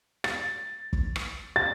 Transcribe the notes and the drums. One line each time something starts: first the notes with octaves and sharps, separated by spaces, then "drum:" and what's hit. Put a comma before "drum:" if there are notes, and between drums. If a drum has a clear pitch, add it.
A6, drum: rim click
drum: kick
drum: rim click
A6